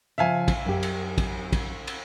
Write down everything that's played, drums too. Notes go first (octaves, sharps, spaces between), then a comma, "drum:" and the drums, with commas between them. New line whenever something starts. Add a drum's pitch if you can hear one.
C#3 F3 E5 F5 G#5
drum: kick, cymbal
F#2 G4
drum: cymbal
drum: kick, cymbal
drum: kick, cymbal
drum: cymbal